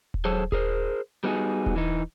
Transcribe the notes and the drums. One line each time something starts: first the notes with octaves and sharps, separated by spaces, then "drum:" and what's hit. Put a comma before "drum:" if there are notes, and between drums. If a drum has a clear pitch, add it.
drum: kick D#1
F#3 G#4 A4 C5 C#5
G#4 A#4 C5, drum: kick D#1
G3 B3 D#4 F#4 G#4
drum: kick D#1
E3 D#4